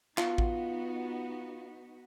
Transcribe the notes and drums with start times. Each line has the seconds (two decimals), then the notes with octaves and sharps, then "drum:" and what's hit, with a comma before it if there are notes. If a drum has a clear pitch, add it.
0.18 B3 D#4 F4 F#4, drum: clap
0.38 drum: kick A1